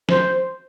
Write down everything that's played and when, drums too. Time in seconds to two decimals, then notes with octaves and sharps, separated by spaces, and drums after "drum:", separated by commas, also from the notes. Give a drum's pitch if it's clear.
0.09 C5, drum: snare